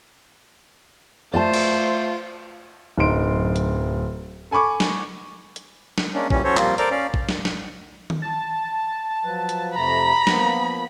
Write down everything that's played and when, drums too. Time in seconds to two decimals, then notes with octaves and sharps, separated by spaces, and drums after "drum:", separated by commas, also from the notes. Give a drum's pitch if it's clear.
1.34 A3 F4 C5 D5 F5 A5
1.54 drum: cymbal
2.97 D1 F#2 F#3 D#4 C6 D7
3.56 drum: hi-hat
4.51 A4 G#5 B5 C#6 D6
4.80 drum: snare
5.56 drum: hi-hat
5.98 drum: snare
6.14 G#3 A#3 C#4 D4
6.30 A#2 E3 G3 C#4, drum: kick
6.44 F#3 C#4 A4 C5 C#5
6.57 F3 G3 A#3 C4 F4, drum: clap
6.78 A4 A#4 C5 D5 A#5 D6, drum: hi-hat
6.91 C#4 D5 F5
7.14 drum: kick
7.29 drum: snare
7.45 drum: snare
8.10 drum: tom D#3
8.22 A5
9.25 F3 F#3 B4
9.49 drum: hi-hat
9.76 F2 C3 A3 A#5 B5
10.27 F3 A#3 B3, drum: snare